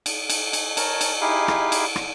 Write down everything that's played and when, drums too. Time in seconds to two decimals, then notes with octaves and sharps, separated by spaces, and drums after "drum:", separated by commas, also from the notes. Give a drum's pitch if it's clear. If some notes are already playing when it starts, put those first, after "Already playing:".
0.06 drum: cymbal
0.30 drum: cymbal
0.53 drum: cymbal
0.77 A#4 C#5 A5, drum: cymbal
1.01 drum: cymbal
1.21 D#4 E4 G4 G#4 F5
1.48 drum: rim click
1.72 drum: cymbal
1.96 drum: rim click